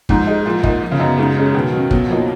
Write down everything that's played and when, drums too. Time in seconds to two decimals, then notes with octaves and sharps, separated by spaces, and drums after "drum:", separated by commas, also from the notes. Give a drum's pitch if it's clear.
0.09 G#2 F3, drum: kick
0.27 G#3 D#4
0.46 A#2 F3
0.63 A#2 A#3 D#4, drum: kick
0.82 F3
0.91 C#3
0.99 F#2 B3 D#4
1.18 G#2 C#3
1.36 G#3 C#4
1.54 B2 D#3
1.72 F#3 C#4
1.91 B2 F#3, drum: kick
2.08 F3 F#3 A#3 D#4